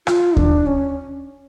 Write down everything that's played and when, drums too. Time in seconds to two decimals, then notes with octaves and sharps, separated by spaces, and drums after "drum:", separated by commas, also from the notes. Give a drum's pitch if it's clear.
0.07 F4, drum: rim click
0.37 D4, drum: kick D#2
0.66 C#4